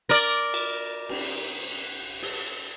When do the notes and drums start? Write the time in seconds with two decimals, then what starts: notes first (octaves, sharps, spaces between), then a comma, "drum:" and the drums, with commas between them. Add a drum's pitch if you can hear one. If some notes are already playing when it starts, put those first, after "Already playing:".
0.09 A#4 D5
0.54 drum: cymbal
1.09 drum: cymbal
2.22 drum: open hi-hat